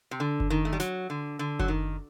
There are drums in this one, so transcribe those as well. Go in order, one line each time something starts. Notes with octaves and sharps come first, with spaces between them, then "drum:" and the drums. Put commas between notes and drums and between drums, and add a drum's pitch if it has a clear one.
C3
D3
drum: kick F#1
D#3
A3
G3
F#3, drum: snare
D3
D3
F#3, drum: kick F#1
D#3